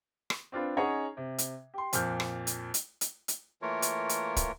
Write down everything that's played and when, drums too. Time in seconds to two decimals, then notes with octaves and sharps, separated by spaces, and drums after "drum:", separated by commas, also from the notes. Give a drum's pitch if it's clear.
0.30 drum: rim click
0.52 C4 D4 F4 B4
0.77 C#4 D#4 G#4 C#5 F#5 A#5
1.17 C3
1.38 drum: hi-hat
1.74 G4 C6
1.93 F2 A#2 F6 G6, drum: hi-hat
2.20 drum: rim click
2.47 drum: hi-hat
2.74 drum: hi-hat
3.01 drum: hi-hat
3.28 drum: hi-hat
3.62 E3 A3 A#3 F4 A#4 C#5
3.82 drum: hi-hat
4.09 drum: hi-hat
4.36 drum: kick, hi-hat